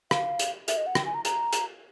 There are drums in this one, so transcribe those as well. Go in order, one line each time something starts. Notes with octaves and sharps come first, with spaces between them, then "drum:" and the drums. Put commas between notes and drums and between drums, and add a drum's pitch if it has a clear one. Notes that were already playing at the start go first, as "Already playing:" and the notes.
F5, drum: rim click
drum: hi-hat
E5, drum: hi-hat
D#5
F#5
G5, drum: rim click
G#5
A#5
A#5, drum: hi-hat
drum: hi-hat